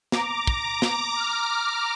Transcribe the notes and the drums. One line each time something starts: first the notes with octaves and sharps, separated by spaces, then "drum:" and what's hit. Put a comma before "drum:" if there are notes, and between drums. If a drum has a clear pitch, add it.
A#5 D6, drum: snare
drum: kick
drum: snare
D6 F6